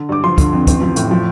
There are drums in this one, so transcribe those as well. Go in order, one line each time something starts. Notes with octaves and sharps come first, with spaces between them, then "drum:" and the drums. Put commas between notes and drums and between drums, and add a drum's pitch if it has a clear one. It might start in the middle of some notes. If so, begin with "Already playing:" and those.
Already playing: D3
G2 D6
F3 C6
D3, drum: kick, hi-hat
F2
A1, drum: kick, hi-hat
F3
A2, drum: hi-hat
F3